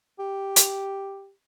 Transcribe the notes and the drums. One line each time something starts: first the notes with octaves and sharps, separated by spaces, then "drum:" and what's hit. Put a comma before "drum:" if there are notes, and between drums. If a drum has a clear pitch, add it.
G4
drum: hi-hat